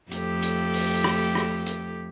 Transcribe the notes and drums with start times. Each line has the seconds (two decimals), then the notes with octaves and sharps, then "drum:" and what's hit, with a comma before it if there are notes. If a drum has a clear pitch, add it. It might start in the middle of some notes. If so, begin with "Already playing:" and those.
0.11 F2 A3 G4, drum: hi-hat
0.42 drum: hi-hat
0.73 drum: open hi-hat
1.04 drum: rim click
1.35 drum: rim click
1.66 drum: hi-hat